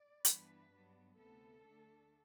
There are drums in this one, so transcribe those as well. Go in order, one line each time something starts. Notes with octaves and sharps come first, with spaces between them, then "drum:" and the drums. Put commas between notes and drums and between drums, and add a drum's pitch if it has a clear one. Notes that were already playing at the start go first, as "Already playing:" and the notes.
Already playing: D5
G2 E3 B3 D4 B4, drum: hi-hat
G2 F#3 B3 D4
D2 C3 E3 B3 A4
D2 D3 A3 D4